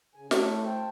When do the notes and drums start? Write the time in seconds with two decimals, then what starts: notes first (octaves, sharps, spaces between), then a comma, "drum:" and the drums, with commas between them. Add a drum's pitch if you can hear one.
0.15 C#3 G#5
0.31 A3 E4 A4 C#5, drum: snare
0.65 C5 G5 A5